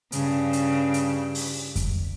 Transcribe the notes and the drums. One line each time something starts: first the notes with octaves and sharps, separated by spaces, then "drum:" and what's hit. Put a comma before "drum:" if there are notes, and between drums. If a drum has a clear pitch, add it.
G2 C#3, drum: hi-hat
drum: hi-hat
drum: hi-hat
drum: open hi-hat
drum: kick F2, hi-hat